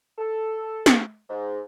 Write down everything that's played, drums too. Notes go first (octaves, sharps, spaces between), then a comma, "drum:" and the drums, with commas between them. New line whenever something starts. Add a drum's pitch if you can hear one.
A4
drum: snare
G#2